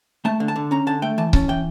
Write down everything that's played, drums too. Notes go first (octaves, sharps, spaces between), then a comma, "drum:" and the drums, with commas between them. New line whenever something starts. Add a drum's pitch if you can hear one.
A3 A5
D3
A5
D3
C#4 A#5
D3 A5
A3 G5
E3 A5
C#4 A5, drum: kick C#1
E3 G5